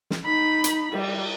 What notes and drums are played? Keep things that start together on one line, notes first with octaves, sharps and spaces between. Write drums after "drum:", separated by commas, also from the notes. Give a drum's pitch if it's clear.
drum: snare
D#4 B5
drum: hi-hat
G3, drum: cymbal